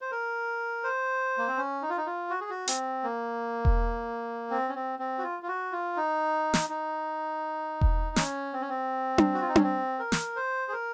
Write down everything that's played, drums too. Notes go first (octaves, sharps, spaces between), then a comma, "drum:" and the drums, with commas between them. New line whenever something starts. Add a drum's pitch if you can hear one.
C5
A#4
C5
A#3
C4
C#4
D#4
F4
D#4
F4
F#4
G#4
F#4
C4, drum: hi-hat
A#3
drum: kick E1
C4
C#4
C4
C4
F#4
F4
F4
F#4
F4
D#4
drum: snare
D#4
drum: kick E1
C#4, drum: snare
C4
C#4
C4
drum: tom D4
F#4
F4
D#4
C#4, drum: tom D4
C4
A#4
drum: snare
C5
G#4
A#4